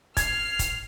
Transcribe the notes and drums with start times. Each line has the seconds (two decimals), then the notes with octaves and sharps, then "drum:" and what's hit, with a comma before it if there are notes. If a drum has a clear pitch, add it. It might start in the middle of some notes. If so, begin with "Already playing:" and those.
0.17 F6 G#6 C7, drum: kick, hi-hat
0.59 drum: kick, hi-hat